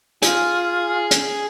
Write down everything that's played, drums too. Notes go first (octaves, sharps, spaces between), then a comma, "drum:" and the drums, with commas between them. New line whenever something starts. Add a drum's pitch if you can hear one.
F4 G#4, drum: hi-hat
drum: hi-hat